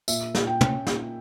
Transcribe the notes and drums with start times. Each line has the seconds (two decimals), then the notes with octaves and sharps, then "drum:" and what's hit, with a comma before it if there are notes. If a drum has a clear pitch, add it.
0.08 A#2 E5, drum: tambourine
0.35 A#2, drum: snare
0.47 G5
0.61 C#4, drum: tom
0.87 A#2, drum: snare